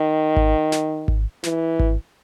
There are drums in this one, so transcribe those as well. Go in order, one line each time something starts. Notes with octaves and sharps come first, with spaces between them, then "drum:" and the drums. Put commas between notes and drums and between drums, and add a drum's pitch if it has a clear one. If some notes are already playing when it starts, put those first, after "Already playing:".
Already playing: D#3
drum: kick G#1
drum: snare
drum: kick G#1
E3, drum: snare
drum: kick G#1